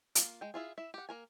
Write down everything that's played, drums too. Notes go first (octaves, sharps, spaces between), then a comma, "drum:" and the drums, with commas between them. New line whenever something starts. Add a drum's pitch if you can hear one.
A#3 F4, drum: hi-hat
G#3 G5
E4 F4 G#4
E4 E5
G4 F#5
A#3 A#4 G#5